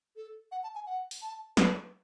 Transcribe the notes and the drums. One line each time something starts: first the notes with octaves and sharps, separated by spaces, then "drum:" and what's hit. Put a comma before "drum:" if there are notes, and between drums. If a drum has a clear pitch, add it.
A4
F#5
A5
G#5
F#5
drum: open hi-hat
A5
B4, drum: snare